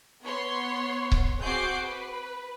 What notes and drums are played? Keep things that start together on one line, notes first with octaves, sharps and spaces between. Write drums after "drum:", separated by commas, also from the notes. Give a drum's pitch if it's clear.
B3 C#5 C6
drum: kick C#1
C4 F#4 G#4 D6 G6 C7
B4